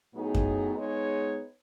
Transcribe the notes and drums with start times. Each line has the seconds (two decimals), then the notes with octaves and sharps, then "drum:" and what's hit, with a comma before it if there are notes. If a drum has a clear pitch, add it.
0.14 A2 F#3 B3 D#4 G#4
0.35 drum: kick F#2
0.77 G#3 B3 D#4 G#4 C#5